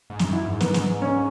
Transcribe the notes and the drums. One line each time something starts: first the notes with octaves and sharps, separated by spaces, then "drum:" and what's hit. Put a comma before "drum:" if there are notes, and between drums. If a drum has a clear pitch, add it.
G#2
F#2, drum: snare
E4
G#2
B3, drum: snare
drum: snare
C#4